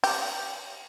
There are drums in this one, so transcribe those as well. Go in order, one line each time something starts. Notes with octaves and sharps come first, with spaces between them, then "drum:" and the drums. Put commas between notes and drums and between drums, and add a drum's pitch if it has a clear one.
G4, drum: open hi-hat